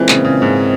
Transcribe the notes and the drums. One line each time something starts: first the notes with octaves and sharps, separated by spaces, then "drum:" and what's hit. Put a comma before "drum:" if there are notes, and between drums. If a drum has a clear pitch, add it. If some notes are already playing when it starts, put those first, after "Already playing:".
Already playing: A#2 E3 F3 G#3 C4
C#3, drum: clap
C#3
G#2